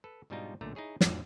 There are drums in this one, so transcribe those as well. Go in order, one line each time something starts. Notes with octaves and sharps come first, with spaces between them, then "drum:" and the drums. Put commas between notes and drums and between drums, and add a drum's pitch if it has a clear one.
A4 B4
G#2 B2 G3 D4 D#4 F4
B1 A#2 D3 A3 A#5
D#4 E4 G#4 C#5
F2 A2 D3 F3 F#3 A3, drum: snare